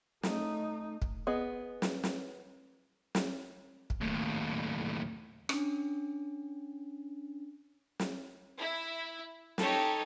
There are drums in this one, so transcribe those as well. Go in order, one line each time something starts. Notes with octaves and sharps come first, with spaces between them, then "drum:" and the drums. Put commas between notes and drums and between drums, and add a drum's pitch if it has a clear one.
A3 D#4, drum: snare
drum: kick
B3 G#4 D#5
drum: snare
drum: snare
drum: snare
drum: kick
D#2 A2
C#4 D4, drum: rim click
drum: snare
E4
D#4 G4 A4 C#5, drum: snare